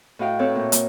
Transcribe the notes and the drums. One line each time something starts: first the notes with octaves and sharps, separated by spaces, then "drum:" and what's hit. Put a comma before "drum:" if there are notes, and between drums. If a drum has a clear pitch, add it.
A2 F#4 D#5 F5 G5
C4 A4 B4 C#5 E5
A#2
A#3, drum: hi-hat